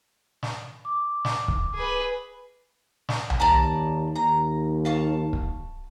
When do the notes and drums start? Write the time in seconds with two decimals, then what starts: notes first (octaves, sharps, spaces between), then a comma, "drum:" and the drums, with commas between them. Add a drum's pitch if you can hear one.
0.43 drum: snare
0.85 D6
1.25 drum: snare
1.48 drum: kick
1.75 G#4 B4
3.09 drum: snare
3.30 drum: tom C2
3.40 D#2 D5 A5 A#5
4.16 D#2 A#5
4.85 F5 A5 C#6
5.33 drum: kick